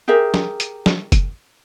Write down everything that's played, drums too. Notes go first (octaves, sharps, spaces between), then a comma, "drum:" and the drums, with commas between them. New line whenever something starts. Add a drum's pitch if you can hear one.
G4 G#4 A#4 E5
drum: snare
drum: hi-hat
drum: snare
drum: kick, hi-hat